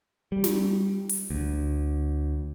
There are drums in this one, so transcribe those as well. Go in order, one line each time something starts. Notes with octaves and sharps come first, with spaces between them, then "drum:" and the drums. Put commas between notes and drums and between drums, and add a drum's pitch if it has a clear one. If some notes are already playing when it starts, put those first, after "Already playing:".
G3
drum: snare
drum: open hi-hat
D2